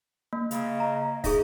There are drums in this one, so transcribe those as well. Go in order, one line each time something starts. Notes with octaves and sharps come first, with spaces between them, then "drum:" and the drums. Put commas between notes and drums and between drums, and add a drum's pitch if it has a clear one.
A#3
C#3 D#5, drum: hi-hat
A#5
D#4 G#4 E5, drum: kick, open hi-hat